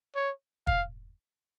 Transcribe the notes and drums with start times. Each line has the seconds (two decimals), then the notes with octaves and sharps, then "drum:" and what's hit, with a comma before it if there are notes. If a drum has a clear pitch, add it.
0.15 C#5
0.67 F5, drum: kick